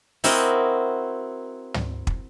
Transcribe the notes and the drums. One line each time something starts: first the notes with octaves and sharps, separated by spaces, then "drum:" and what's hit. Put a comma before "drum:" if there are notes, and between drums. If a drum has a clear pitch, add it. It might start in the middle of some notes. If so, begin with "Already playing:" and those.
C4 E4 F#4 A#4 D#5, drum: open hi-hat
drum: tom
drum: kick